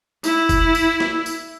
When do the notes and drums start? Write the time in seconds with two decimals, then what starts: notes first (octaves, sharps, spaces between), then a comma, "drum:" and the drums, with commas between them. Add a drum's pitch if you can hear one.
0.24 E4, drum: tambourine
0.49 drum: kick F1, tambourine
0.75 drum: tambourine
1.00 drum: snare
1.26 drum: tambourine